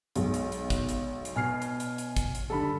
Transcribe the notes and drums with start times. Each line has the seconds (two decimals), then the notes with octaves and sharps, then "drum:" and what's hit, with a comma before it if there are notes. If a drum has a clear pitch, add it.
0.16 B1 G#3, drum: hi-hat
0.34 drum: hi-hat
0.52 drum: hi-hat
0.70 drum: kick, hi-hat
0.89 drum: hi-hat
1.25 drum: hi-hat
1.36 B2 G#5 F6 C7
1.62 drum: hi-hat
1.80 drum: hi-hat
1.98 drum: hi-hat
2.17 drum: kick, hi-hat
2.35 drum: hi-hat
2.50 G2 D3 A4 B5